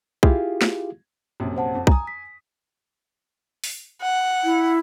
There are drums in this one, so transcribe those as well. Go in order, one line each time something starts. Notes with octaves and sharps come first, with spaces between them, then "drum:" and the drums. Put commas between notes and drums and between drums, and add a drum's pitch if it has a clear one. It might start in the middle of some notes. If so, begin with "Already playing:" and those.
E4 F4 G4 G#4 F5, drum: kick B1
drum: snare
A#1 F#2 C3
C5 F#5 A5
F2
G#5 A#5 D#6, drum: kick B1
B6
drum: open hi-hat
F#5
E4